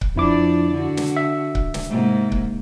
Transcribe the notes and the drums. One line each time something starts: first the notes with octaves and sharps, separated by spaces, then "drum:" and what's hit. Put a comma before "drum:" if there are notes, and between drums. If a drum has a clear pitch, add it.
drum: kick C#1
F2 F3 D4 E4 D5 D6
D3 F#4
drum: snare
E5
drum: kick C#1
drum: snare
G#2 C3 A#3
drum: kick C#1